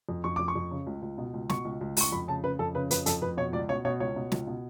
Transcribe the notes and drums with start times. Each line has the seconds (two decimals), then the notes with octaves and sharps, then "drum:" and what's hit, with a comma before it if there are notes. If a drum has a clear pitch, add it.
0.09 F2
0.24 F2 C#6
0.36 F2 D6
0.48 C#6
0.55 F2
0.71 C#3
0.87 C#2
1.02 C#2
1.18 B2
1.34 C#2
1.50 B2 C#6, drum: snare
1.65 C#2
1.81 C#2
1.97 C#2 C#6, drum: open hi-hat
2.12 F2 B5
2.28 C#3 A5
2.44 C#3 B4
2.59 F2 A4
2.75 C#3 B4
2.91 F2 B4, drum: hi-hat
3.06 F2 A4, drum: hi-hat
3.22 F2 B4
3.37 B2 C#5
3.53 C#2 D5
3.69 B2 C#5
3.85 B2 C#5
4.00 C#2 C#5
4.16 B2
4.32 C#2, drum: snare
4.47 B2